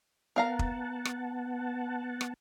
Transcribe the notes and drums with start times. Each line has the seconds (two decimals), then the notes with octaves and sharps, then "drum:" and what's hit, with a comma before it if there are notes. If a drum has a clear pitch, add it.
0.36 B3 A#4 F5 F#5 A5 A#5
0.59 drum: kick
1.05 drum: rim click
2.21 drum: rim click